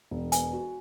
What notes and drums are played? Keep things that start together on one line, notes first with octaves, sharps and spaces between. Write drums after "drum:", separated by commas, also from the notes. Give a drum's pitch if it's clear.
E1
B3 G#5, drum: hi-hat
F#4